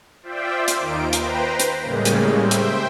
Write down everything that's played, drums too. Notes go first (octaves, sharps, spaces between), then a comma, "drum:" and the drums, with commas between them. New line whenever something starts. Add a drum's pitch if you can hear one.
F4 C5 D5 E5 G5
drum: hi-hat
D#2 A#3 D#4 F4 D7
B4 C5 G5 A#5, drum: hi-hat
drum: hi-hat
A2 C#3 G3 G#3 A#3
drum: hi-hat
C5 E5 G5
drum: hi-hat